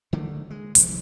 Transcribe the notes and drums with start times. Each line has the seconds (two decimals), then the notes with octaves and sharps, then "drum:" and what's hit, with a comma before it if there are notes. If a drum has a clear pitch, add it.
0.13 D3 D#3 A3 A#3
0.50 G#3
0.75 D#1 C2 E3 F3, drum: hi-hat